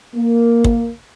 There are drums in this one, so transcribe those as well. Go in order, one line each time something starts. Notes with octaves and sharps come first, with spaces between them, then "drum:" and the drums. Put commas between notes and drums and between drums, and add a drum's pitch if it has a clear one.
A#3
drum: kick